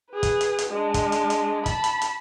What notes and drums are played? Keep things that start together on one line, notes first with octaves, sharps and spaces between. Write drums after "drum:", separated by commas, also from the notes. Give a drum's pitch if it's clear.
G#4 B4
drum: kick, hi-hat
drum: hi-hat
drum: hi-hat
G#3 D4
drum: kick, hi-hat
drum: hi-hat
drum: hi-hat
A5 B5, drum: kick, hi-hat
drum: hi-hat
drum: hi-hat